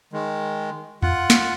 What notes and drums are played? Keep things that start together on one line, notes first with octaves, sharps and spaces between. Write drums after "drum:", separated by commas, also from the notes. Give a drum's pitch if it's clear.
D#3 G#3
F4 F#5, drum: tom E2
drum: snare